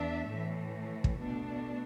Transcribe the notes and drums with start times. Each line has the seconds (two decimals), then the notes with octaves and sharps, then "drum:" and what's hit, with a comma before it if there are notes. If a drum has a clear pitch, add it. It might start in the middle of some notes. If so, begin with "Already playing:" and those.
Already playing: E2 D4 E5
0.27 A2 E3 A3
1.04 drum: kick
1.20 B2 A3 D4